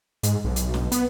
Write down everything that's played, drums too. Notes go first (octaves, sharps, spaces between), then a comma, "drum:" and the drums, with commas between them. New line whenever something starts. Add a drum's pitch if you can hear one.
G#2, drum: hi-hat
B1
drum: hi-hat
drum: snare
B3, drum: hi-hat